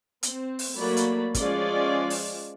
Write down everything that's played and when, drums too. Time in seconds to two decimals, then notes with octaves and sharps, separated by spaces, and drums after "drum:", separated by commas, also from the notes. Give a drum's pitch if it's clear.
0.23 C4, drum: hi-hat
0.59 drum: open hi-hat
0.74 F#3 A3 A#3 D5 B5
0.97 drum: hi-hat
1.34 F3 G#3 C#4 F4 D5, drum: kick, hi-hat
2.10 drum: open hi-hat